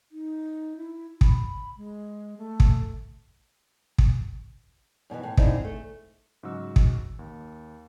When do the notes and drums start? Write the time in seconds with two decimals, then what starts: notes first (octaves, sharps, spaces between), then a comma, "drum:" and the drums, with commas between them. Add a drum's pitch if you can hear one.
0.12 D#4
0.76 E4
1.21 B5, drum: kick
1.77 G#3
2.38 A3
2.60 drum: kick
3.98 drum: kick
5.10 F#2 B2 D3 E3
5.23 A2
5.37 D3 G#3 C4 D#4 E4, drum: kick
5.64 A3
6.43 G#2 C#3 F#3 G#3 F#4 E6
6.76 drum: kick
7.19 D#2